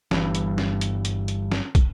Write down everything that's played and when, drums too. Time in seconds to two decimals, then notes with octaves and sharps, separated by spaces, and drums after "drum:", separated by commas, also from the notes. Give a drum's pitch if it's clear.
0.11 G1 G2 E3, drum: snare
0.35 drum: hi-hat
0.58 drum: snare
0.81 drum: hi-hat
1.05 drum: hi-hat
1.28 drum: hi-hat
1.52 drum: snare
1.75 drum: kick, hi-hat